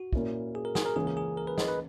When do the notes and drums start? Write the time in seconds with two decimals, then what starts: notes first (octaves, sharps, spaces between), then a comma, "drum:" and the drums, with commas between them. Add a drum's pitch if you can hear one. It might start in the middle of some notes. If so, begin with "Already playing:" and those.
Already playing: F#4
0.13 A#2 A#3 C#4 E4, drum: kick
0.55 G#4
0.65 A#4
0.75 G#4, drum: snare
0.86 A#4
0.96 C#2 C#3 E3 A#3 C#4 G#4
1.07 A#4
1.17 G#4
1.37 A#4
1.47 B4
1.58 D#5, drum: snare
1.68 B4